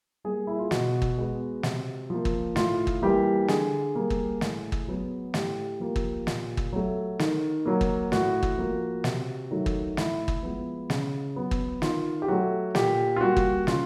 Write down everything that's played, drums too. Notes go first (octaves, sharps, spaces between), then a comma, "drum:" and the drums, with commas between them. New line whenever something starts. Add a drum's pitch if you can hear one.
G3 A#3 G#4
E4
F4
B2 F#4, drum: snare
drum: kick
G#3 B3
C3, drum: snare
F3 A#3
drum: kick
A2 F4, drum: snare
drum: kick
E3 G3 A#3 G4
D3 G#4, drum: snare
G3 A#3
drum: kick
A2, drum: snare
drum: kick
F#3 B3
A2 G4, drum: snare
F3 A#3
drum: kick
A#2, drum: snare
drum: kick
F#3 A3
D#3, drum: snare
F#3 A#3
drum: kick
A2 F#4, drum: snare
drum: kick
F3 A#3
C3, drum: snare
D#3 F#3 A3
drum: kick
A2 E4, drum: snare
drum: kick
F3 G#3 B3
C#3, drum: snare
F#3 B3
drum: kick
D#3 F4, drum: snare
G4
F#3 A3 F#4
A#2 G4, drum: snare
F4
G3 A#3 F#4
drum: kick
C#3 F4, drum: snare